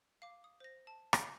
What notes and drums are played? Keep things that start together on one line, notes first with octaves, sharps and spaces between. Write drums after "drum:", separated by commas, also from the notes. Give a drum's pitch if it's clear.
F5 D6
D#6
C5 A#6
A5
G6 C7 D7, drum: rim click